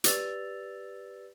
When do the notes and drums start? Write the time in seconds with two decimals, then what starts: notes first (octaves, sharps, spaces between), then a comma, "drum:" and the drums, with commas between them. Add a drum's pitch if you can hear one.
0.04 G4 B4 D5 E6 A6 F7, drum: hi-hat